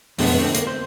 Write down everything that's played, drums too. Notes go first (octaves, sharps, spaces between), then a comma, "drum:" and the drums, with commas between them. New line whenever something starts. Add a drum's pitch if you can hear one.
F2 B2 D3 G#3 A3 B3, drum: open hi-hat
D3 A3 C4
A#3, drum: hi-hat
C5